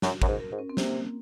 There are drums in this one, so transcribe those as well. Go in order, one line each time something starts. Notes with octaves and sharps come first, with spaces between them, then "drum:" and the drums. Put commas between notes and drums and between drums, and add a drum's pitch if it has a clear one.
F#2 F#4, drum: snare
F#2 A#4, drum: kick
G#2
A#4
G#2
C#4
C4
C3 A#3, drum: snare